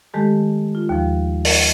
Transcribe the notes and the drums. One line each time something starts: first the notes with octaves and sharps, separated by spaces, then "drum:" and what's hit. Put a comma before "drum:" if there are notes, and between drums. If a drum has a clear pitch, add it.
D#3 G#3 A3 G4 A4
F4
D#2 F3
D#5, drum: open hi-hat